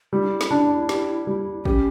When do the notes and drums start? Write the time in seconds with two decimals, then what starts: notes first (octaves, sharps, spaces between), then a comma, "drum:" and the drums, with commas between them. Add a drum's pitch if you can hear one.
0.13 G3 E4
0.21 D4
0.30 E4
0.41 drum: snare
0.51 D4
0.89 G4, drum: snare
1.27 G3
1.65 C#4 G4, drum: kick